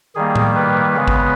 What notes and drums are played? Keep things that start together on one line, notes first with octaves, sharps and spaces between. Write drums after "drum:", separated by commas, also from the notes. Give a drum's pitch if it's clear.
D#3 G3 A#3 G#4
drum: tom A2
B4
C#3 G#3 B3
drum: kick G#1